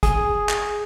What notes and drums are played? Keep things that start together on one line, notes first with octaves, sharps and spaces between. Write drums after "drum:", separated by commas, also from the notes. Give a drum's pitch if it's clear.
G#4, drum: kick, hi-hat
drum: clap